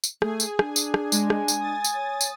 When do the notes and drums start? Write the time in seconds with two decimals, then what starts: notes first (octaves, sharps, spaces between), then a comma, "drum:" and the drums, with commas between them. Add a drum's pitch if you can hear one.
0.04 drum: tambourine
0.22 A3 G#4 G#5, drum: rim click
0.40 drum: tambourine
0.59 D4, drum: rim click
0.76 drum: tambourine
0.94 drum: rim click
1.12 G#3 G#5, drum: tambourine
1.30 drum: rim click
1.48 drum: tambourine
1.60 D#6 A6
1.84 drum: tambourine
1.95 C#5
2.21 drum: tambourine